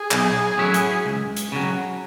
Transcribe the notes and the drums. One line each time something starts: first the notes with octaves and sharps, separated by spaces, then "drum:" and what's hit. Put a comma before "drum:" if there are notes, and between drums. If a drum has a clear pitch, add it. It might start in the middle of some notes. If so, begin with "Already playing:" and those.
Already playing: G#4
B1, drum: clap
A2 F#3 C#4 E4
drum: hi-hat
C#2
drum: hi-hat
C#3 F#3